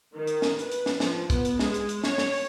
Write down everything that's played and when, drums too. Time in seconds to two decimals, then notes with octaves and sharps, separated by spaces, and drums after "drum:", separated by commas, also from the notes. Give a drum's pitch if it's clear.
0.15 D#3
0.27 drum: hi-hat
0.42 drum: snare
0.59 B4, drum: hi-hat
0.71 drum: hi-hat
0.86 drum: snare
1.00 F3, drum: snare
1.30 B3, drum: kick, hi-hat
1.45 drum: hi-hat
1.59 G#3, drum: snare
1.74 drum: hi-hat
1.89 drum: hi-hat
2.04 C#5, drum: snare
2.18 drum: snare
2.33 drum: open hi-hat